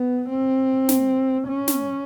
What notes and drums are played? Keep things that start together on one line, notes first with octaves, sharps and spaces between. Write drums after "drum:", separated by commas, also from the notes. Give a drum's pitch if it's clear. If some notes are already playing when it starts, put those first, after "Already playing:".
Already playing: B3
C4
drum: snare
C#4
drum: snare